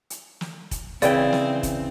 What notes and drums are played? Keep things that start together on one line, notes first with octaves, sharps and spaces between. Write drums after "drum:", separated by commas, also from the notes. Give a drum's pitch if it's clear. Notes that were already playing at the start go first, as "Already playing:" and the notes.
drum: hi-hat
drum: snare
drum: kick F1, hi-hat
C#3 E3 C4 D5 G5, drum: hi-hat
drum: snare
drum: kick F1, hi-hat